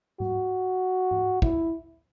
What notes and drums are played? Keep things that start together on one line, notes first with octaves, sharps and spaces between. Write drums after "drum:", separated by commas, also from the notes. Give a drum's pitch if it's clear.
F#4, drum: tom G#2
drum: tom G#2
E4, drum: kick